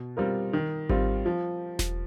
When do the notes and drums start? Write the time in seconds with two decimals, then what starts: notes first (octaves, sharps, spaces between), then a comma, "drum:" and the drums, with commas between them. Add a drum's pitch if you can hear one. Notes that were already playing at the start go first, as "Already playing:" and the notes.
Already playing: B2
0.17 G3 C4 F4 A#4
0.53 D#3
0.89 G3 C4 F4, drum: kick G#1
1.26 F3
1.79 drum: snare E1